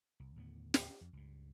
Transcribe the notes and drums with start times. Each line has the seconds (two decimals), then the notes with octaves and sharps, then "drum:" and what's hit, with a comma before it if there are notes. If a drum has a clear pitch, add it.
0.20 C2
0.36 D#2 A2 D3 B3
0.74 drum: snare
1.01 F2
1.13 C#2 G2